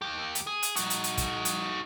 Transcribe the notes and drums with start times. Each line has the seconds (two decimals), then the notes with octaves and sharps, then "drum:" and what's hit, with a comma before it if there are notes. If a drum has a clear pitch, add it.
0.02 D#2 G4
0.35 drum: hi-hat
0.47 G#4
0.63 drum: hi-hat
0.76 D#4 F#4, drum: hi-hat
0.90 drum: hi-hat
1.04 drum: hi-hat
1.18 drum: kick, hi-hat
1.45 drum: hi-hat